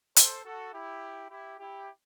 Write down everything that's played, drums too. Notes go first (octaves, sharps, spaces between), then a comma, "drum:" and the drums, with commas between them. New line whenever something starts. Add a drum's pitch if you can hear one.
A4 C5, drum: hi-hat
F#4 A4
E4 G4
E4 G4
E4 G4